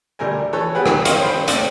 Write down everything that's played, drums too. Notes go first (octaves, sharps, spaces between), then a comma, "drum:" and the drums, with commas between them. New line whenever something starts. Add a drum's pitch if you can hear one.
D2 G3 A3 A#4 G#5
E3 A4 C#5
B3 G4 G#4 B4 F#5
drum: rim click
C4 C5 C#5 D#5 F5 G5, drum: hi-hat
G5 B5 C6
A3 C4 C5 D5 D#5, drum: hi-hat